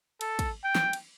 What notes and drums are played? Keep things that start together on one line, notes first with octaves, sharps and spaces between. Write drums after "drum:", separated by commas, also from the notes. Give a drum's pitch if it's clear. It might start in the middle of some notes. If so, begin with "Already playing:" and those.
A4, drum: cymbal
drum: kick, cymbal
G5
drum: snare
drum: cymbal